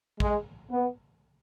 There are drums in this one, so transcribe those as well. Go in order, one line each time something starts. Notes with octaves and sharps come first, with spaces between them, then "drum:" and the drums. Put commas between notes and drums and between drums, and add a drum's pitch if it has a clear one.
G#3, drum: kick A#1
B3